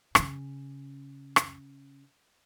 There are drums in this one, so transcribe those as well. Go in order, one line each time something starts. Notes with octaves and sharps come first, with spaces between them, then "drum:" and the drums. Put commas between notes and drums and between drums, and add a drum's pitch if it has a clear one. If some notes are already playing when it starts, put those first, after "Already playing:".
C#3 C#4, drum: rim click
drum: rim click